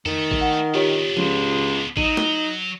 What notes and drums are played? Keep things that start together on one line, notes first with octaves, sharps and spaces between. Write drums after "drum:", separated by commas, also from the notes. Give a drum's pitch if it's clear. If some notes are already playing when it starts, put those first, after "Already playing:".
D#3 A3 A4, drum: tom F2
drum: kick A1
F#5
B3 D4 F4 G4 C#5
C#2, drum: tom F3
F#3 D#4 D#7, drum: kick A1
drum: snare